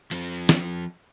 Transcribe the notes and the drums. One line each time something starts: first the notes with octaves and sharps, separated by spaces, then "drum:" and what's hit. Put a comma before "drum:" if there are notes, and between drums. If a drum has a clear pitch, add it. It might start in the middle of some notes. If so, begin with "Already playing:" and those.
F3 C4, drum: hi-hat
drum: snare